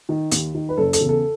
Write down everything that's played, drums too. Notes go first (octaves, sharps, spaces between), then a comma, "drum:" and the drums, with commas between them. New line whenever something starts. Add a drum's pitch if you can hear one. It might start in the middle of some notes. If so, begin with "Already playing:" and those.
D#3
D#2, drum: hi-hat
D#3
B4
F#1 A4
A4, drum: hi-hat
E2 C#3
A4